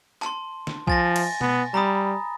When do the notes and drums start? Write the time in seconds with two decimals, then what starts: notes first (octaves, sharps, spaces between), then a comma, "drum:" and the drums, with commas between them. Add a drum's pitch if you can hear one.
0.22 A5 C6, drum: clap
0.67 drum: snare
0.87 F3 G#5 A6 A#6, drum: kick B1
1.16 drum: cymbal
1.41 B3, drum: tom B2
1.74 G3 A#5 B5 D#6